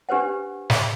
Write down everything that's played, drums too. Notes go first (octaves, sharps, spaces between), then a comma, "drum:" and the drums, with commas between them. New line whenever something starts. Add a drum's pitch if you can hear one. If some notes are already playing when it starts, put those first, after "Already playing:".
D4 G4 B4 C5 F#5
drum: snare